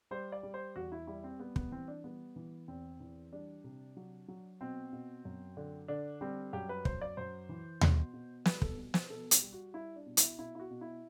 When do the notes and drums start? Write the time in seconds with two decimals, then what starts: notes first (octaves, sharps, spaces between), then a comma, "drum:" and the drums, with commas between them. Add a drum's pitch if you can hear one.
0.11 G3 C5
0.32 D5
0.43 G3
0.54 C5
0.76 E2 F#4
0.92 E4
1.07 G3 E4
1.24 C4
1.40 G3 B3
1.56 B3, drum: kick
1.72 E3 C4
1.88 D4
2.04 G3 B3
2.36 E3
2.68 E2 C4
3.00 E3
3.32 G3 D4
3.64 C3
3.97 F#3
4.28 F#3
4.61 B2 C4
4.93 B2
5.25 F#2
5.57 D3
5.88 D3 D4
6.21 G3 C4
6.53 F#2 G4
6.69 B4
6.85 F#2 C5, drum: kick
7.01 D5
7.17 F#2 C5
7.49 E3
7.81 B2, drum: tom D#2
8.13 B2
8.45 G3 B4, drum: snare
8.62 A4, drum: kick
8.77 B2
8.94 C5, drum: snare
9.10 B2 A4
9.31 G4, drum: hi-hat
9.42 G3
9.53 F#4
9.74 G3 E4
9.96 D4
10.06 B2
10.17 E4, drum: hi-hat
10.39 B2 E4
10.55 E4
10.59 F#4
10.70 B2
10.81 E4